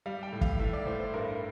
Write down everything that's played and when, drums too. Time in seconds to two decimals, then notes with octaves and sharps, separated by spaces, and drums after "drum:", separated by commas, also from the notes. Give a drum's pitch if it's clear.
0.06 G3 F5
0.23 G5
0.32 A2
0.41 F5, drum: kick
0.59 A2 E5
0.73 D5
0.86 A2 C5
1.00 C5
1.13 G2 A#4